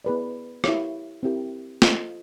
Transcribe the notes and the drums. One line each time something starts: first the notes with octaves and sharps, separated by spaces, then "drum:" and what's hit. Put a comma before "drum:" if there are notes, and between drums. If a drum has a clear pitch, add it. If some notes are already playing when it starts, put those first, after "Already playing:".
B3 E4 G#4 B4 D5
E4 G4 A#4 C#5 F5, drum: rim click
C4 E4 G4 A#4
F4 A4 C5 D#5, drum: snare